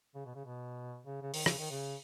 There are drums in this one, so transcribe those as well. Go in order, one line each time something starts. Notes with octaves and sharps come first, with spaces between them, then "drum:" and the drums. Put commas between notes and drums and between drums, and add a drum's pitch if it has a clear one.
C#3
B2
C#3
B2
C#3
C#3
D#3, drum: open hi-hat
C#3, drum: rim click
D#3
C#3